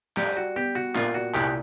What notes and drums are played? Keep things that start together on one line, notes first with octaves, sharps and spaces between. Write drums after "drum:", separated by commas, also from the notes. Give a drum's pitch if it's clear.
G3 G4, drum: clap
F#4
B3 G4
F#4
A#2 F4, drum: clap
F#4
C2 G4, drum: clap